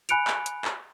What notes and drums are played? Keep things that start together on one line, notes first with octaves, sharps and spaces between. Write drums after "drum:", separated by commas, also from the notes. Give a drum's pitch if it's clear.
G#5 B5 F#6 C#7 D7 F7, drum: hi-hat
drum: clap
drum: hi-hat
drum: clap